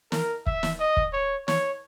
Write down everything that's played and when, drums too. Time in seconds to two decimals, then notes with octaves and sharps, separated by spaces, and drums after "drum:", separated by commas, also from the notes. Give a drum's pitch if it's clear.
0.12 A#4, drum: snare
0.47 E5, drum: kick
0.63 drum: snare
0.80 D#5
0.97 drum: kick
1.13 C#5
1.48 C#5, drum: snare